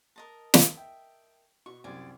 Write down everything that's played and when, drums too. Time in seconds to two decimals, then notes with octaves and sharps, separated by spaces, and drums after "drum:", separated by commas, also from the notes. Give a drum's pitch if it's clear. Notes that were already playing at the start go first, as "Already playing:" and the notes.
0.16 A#4 D#5 A5
0.54 drum: snare
0.75 E5 G5
1.66 B2 C#6
1.84 C2 F#2 C3 D5 G#5